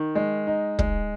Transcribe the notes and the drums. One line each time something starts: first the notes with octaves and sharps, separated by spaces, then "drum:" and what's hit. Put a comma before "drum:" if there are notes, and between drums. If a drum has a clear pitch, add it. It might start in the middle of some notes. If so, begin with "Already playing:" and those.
Already playing: D#3
G#3
D#4
G#3, drum: kick